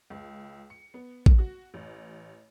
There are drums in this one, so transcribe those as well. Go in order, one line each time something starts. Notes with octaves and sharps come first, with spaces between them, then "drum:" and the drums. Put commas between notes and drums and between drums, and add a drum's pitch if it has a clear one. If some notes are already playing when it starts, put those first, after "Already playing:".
C#2
C#7
B3
drum: kick A1
F#4
A1